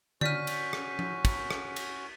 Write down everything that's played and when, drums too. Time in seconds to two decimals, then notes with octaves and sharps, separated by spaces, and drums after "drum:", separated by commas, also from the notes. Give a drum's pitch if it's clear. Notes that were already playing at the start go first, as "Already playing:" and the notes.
0.21 C#4 F#4 D5 F6 G6 B6 D#7, drum: tom D3
0.47 drum: cymbal
0.73 drum: rim click
0.99 drum: tom F3
1.25 drum: kick, cymbal
1.51 drum: rim click
1.76 drum: cymbal